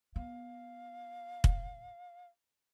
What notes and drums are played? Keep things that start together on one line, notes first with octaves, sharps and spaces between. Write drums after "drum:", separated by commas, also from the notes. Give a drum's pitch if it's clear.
B3 F5
drum: kick